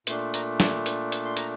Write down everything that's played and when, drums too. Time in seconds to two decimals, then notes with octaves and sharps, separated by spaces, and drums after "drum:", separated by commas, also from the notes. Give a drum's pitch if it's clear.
0.07 A#2 A3 D4 C6, drum: hi-hat
0.34 A#5, drum: hi-hat
0.60 A5, drum: snare
0.86 drum: hi-hat
1.12 drum: hi-hat
1.25 C6
1.37 A#5, drum: hi-hat